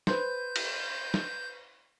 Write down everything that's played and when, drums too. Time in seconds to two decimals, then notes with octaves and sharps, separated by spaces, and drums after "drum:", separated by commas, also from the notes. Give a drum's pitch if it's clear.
0.07 B4 C5 G6, drum: snare
0.56 drum: cymbal
1.14 drum: snare